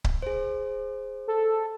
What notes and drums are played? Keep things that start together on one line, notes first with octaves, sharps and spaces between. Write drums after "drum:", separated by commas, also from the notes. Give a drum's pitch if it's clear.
drum: kick C#1
G#4 C5
A4